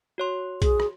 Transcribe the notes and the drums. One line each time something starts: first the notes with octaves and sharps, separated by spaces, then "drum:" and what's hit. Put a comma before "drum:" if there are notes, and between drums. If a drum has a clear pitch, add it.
F#4 C#5 C6
G#4, drum: kick, hi-hat
drum: rim click